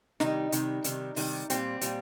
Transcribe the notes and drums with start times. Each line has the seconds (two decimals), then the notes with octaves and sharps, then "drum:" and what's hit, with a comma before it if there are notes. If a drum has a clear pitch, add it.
0.20 C3 D#3 G3 D#4, drum: snare
0.52 C3 D#3 G3, drum: hi-hat
0.84 C3 D#3 G3, drum: hi-hat
1.16 C3 D#3 G3, drum: open hi-hat
1.50 A#2 G3 C4, drum: hi-hat
1.81 A#2 G3, drum: hi-hat